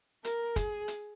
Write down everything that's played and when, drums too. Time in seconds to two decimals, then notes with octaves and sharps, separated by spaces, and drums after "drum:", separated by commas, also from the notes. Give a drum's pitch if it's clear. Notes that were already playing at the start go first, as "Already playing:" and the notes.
0.24 A#4, drum: hi-hat
0.56 G#4, drum: kick, hi-hat
0.88 drum: hi-hat